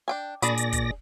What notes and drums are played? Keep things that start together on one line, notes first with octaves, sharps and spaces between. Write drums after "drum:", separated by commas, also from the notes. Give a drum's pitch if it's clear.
D4 G5 G#5
A#2 D4 G#4 D5 B5 A#6, drum: hi-hat
drum: hi-hat
drum: kick, hi-hat